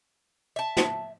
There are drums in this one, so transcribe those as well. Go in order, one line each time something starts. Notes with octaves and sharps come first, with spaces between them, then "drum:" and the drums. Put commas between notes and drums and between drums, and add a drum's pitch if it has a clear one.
E5 A5
drum: snare